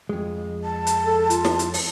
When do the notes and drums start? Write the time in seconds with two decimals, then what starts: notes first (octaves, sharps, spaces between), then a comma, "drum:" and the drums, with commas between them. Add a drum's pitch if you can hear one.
0.09 F2 G#3
0.64 A5
0.87 drum: hi-hat
1.05 A4
1.30 F4, drum: hi-hat
1.45 drum: snare
1.59 drum: hi-hat
1.74 drum: open hi-hat